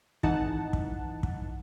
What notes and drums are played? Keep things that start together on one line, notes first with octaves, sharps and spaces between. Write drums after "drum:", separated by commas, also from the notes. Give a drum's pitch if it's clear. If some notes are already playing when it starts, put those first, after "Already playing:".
G#1 E3 D#4 F#5 A5, drum: kick
drum: kick
drum: kick